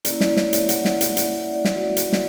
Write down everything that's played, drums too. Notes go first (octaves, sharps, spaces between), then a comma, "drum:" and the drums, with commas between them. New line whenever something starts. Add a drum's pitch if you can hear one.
A#3 C#4 E4 D5, drum: hi-hat
D5, drum: snare
C#5, drum: snare
E5, drum: hi-hat
F#5, drum: hi-hat
drum: snare
drum: hi-hat
drum: hi-hat
E5
D5
drum: snare
F#4
drum: hi-hat
drum: snare